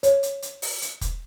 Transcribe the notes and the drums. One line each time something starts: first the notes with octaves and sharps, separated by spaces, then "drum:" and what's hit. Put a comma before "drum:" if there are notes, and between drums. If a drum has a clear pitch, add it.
C#5, drum: hi-hat
drum: hi-hat
drum: hi-hat
drum: open hi-hat
drum: hi-hat
drum: kick, hi-hat